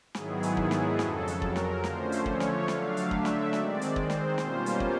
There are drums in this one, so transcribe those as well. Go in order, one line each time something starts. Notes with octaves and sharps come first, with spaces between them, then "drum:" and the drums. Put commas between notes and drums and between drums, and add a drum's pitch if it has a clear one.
G#2 D#3 F#3 B3 E4 G#4, drum: snare
drum: hi-hat
drum: kick
drum: snare
F2 C#3 F#3 A4, drum: snare
drum: hi-hat
A#4, drum: kick
drum: snare
D3 F3 A3 C#4 C5, drum: snare
drum: hi-hat
C#5, drum: kick
drum: snare
D3 F#3 A3 D4 F5, drum: snare
drum: hi-hat
E5, drum: kick
drum: snare
D#3 G#3 C4 D5, drum: snare
drum: hi-hat
C5, drum: kick
drum: snare
B2 G3 A#3 C#4 F4, drum: snare
drum: hi-hat
drum: kick